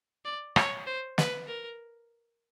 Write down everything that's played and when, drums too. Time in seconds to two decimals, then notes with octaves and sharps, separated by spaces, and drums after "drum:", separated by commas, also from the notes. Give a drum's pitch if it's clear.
0.25 D5
0.56 C#5, drum: rim click
0.87 C5
1.18 B4, drum: snare
1.47 A#4